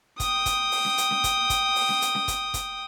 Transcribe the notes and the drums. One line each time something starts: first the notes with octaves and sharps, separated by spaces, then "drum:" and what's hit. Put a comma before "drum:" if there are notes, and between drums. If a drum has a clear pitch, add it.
G5 D#6, drum: kick, hi-hat
drum: kick, hi-hat
drum: open hi-hat
drum: snare C#4
drum: hi-hat
drum: snare C#4
drum: kick, hi-hat
drum: kick, hi-hat
drum: open hi-hat
drum: snare C#4
drum: hi-hat
drum: snare C#4
drum: kick, hi-hat
drum: kick, hi-hat